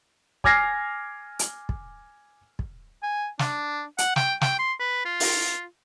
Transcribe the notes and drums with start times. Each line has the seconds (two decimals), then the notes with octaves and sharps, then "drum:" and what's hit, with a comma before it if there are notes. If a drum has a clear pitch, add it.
0.44 G#5 D6 F6 G#6 A#6 C7, drum: kick
1.39 drum: hi-hat
1.69 drum: kick
2.59 drum: kick
3.03 G#5
3.39 D4, drum: snare
3.98 F#5, drum: hi-hat
4.16 G5, drum: snare
4.41 G5, drum: snare
4.59 C6
4.80 B4
5.05 F4
5.20 drum: open hi-hat